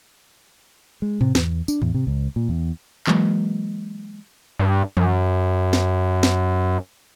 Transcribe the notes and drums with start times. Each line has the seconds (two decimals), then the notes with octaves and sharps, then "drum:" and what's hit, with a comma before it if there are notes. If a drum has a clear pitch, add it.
1.02 G#3
1.21 C3, drum: tom G#2
1.35 E2, drum: snare
1.68 D4, drum: tambourine
1.82 E2, drum: tom G#2
1.94 C3
2.07 C#2
2.36 A#2
2.49 E2
3.07 E3 F#3 G#3 A#3, drum: clap
4.59 G2
4.97 F#2, drum: tom E3
5.73 drum: snare
6.23 drum: snare